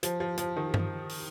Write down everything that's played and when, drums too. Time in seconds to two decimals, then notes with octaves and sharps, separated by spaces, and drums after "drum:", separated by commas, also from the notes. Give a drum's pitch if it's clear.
0.03 F3, drum: hi-hat
0.20 F3
0.38 F3, drum: hi-hat
0.57 D#3
0.74 drum: tom G2
1.09 drum: open hi-hat